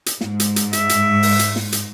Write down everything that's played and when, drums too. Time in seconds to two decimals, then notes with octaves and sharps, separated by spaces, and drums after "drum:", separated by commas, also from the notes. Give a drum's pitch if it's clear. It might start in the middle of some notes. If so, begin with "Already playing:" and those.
0.06 drum: hi-hat
0.21 G#2, drum: snare
0.40 drum: hi-hat
0.56 drum: hi-hat
0.73 E5, drum: hi-hat
0.89 drum: hi-hat
1.23 drum: open hi-hat
1.39 drum: hi-hat
1.56 drum: snare
1.72 drum: hi-hat